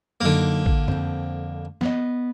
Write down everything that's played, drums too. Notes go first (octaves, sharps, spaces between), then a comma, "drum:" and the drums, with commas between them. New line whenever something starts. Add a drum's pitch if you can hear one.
F#2 D3 F#3 A#3 D#4
drum: kick A1
F2 C4, drum: tom
B3 D#5, drum: snare